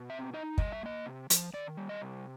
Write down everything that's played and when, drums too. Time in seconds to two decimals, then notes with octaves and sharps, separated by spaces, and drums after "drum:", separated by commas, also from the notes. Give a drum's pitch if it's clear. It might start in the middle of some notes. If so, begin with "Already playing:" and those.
Already playing: B2
0.10 C4 E5
0.34 D#4 D#5
0.58 G3 D#5, drum: kick
0.72 E5
0.81 A#3 D#5
1.06 C3
1.30 F3, drum: hi-hat
1.54 D#3 D5
1.77 G3
1.89 D#5
2.01 C3